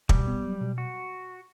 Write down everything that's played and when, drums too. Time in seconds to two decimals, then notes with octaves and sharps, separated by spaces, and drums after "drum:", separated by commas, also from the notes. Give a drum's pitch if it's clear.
0.09 B2 G3, drum: kick
0.27 B3
0.45 F#3
0.61 B2
0.78 F#4